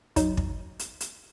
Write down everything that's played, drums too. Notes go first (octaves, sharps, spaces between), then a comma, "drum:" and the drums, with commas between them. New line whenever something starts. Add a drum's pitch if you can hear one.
F#3 D#4, drum: kick, hi-hat
drum: kick
drum: hi-hat
drum: hi-hat